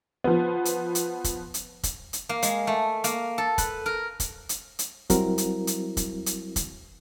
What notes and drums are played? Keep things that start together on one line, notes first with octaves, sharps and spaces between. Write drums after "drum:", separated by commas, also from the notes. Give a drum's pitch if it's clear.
F3 B3
drum: hi-hat
drum: hi-hat
drum: kick, hi-hat
drum: hi-hat
drum: kick, hi-hat
drum: hi-hat
A#3
G#3, drum: hi-hat
A3
A#3, drum: hi-hat
A4
B4, drum: kick, hi-hat
A#4
drum: kick, hi-hat
drum: hi-hat
drum: hi-hat
F#3 G3 C4 E4 F#4 A#4, drum: kick, hi-hat
drum: hi-hat
drum: hi-hat
drum: kick, hi-hat
drum: hi-hat
drum: kick, hi-hat